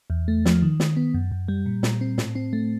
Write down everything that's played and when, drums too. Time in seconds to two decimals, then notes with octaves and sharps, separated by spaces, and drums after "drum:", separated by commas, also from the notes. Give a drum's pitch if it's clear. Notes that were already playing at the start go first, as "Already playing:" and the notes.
0.10 E2
0.28 A3
0.45 F3, drum: snare
0.62 D#3
0.80 D#3, drum: snare
0.96 B3
1.14 F#2
1.32 F#2
1.48 G3
1.66 A#2
1.83 A#2, drum: snare
2.01 C4
2.18 A2, drum: snare
2.35 C4
2.53 A3